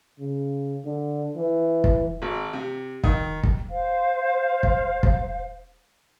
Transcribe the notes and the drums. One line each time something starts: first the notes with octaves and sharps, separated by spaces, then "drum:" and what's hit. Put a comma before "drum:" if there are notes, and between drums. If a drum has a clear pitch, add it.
C#3
D3
E3
drum: kick
G#1
C3
D#3, drum: kick
drum: kick
C5 F5
drum: kick
drum: kick